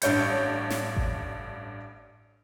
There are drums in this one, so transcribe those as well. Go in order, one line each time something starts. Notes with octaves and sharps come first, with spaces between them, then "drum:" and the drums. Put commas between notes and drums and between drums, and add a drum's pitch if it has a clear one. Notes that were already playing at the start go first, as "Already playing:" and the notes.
A1 G2 C#5 G6 C#7, drum: hi-hat
drum: snare
drum: kick G#1